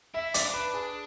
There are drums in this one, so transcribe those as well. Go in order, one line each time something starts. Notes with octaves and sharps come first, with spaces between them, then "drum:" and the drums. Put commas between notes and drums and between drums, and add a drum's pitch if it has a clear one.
E4 E5
D5, drum: hi-hat
D4
B4
G#4